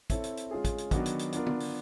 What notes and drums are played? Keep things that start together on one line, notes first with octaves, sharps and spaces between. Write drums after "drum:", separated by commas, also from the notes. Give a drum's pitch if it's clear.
C4 E4 A4 C#5 E5, drum: kick, hi-hat
drum: hi-hat
drum: hi-hat
G#3 C#4 F4 G#4
drum: kick, hi-hat
drum: hi-hat
D#3 F#3 B3 D4 F#4, drum: kick, hi-hat
drum: hi-hat
drum: hi-hat
B3 D4 F4 A#4, drum: hi-hat
drum: tom
drum: open hi-hat